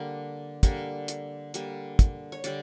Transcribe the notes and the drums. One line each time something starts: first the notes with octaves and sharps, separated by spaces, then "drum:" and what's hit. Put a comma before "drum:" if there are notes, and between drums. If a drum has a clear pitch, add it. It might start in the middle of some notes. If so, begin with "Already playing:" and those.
Already playing: D3 G3 A#3 D5
D3 G3 A#3, drum: kick, hi-hat
drum: hi-hat
D3 G3 A#3, drum: hi-hat
drum: kick, hi-hat
C#5
D3 G3 D5, drum: hi-hat